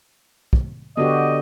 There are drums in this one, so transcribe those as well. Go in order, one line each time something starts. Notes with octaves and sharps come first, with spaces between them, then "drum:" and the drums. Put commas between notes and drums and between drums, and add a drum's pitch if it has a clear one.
drum: kick
D3 B3 F#4 G4 D#5